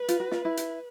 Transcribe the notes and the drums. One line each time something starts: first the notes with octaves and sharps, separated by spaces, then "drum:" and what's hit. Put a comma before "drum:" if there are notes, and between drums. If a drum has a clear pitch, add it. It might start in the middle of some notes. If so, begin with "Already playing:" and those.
Already playing: B4
F4, drum: hi-hat
F#4
F4, drum: snare
E4
drum: hi-hat